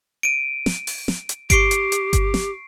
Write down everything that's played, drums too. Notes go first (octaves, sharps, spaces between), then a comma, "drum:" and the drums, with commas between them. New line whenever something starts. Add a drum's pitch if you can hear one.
D7 D#7
drum: snare
drum: open hi-hat
drum: snare
drum: hi-hat
G4 C#6 C7 D7, drum: kick G1, hi-hat
drum: hi-hat
drum: hi-hat
drum: kick G1, hi-hat
drum: snare